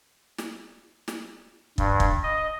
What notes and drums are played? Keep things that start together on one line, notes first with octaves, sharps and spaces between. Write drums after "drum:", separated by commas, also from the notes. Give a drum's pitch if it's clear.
drum: snare
drum: snare
G2, drum: kick
drum: kick
D#5